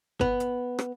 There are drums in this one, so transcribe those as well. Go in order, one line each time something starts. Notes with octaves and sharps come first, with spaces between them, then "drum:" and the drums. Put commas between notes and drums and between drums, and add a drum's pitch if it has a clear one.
B3, drum: kick G1
drum: hi-hat
drum: rim click